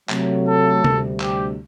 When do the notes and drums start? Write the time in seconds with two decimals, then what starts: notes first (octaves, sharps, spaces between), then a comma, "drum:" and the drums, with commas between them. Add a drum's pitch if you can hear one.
0.09 C3 F#3 A3, drum: clap
0.47 A4
0.84 D2 C3 G3, drum: tom C3
1.20 G4, drum: clap